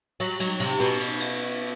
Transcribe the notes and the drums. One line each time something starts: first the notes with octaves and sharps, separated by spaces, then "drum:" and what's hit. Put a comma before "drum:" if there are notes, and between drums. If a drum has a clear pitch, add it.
F#3, drum: cymbal
F#3, drum: cymbal
C3, drum: cymbal
B2, drum: cymbal
drum: cymbal
drum: cymbal